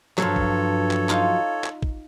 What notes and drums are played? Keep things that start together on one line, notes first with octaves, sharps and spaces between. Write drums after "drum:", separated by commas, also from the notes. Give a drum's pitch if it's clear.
G2 F3 F#3 A4 C#5, drum: clap
drum: kick
drum: clap
D#4 F4, drum: clap
drum: clap
drum: kick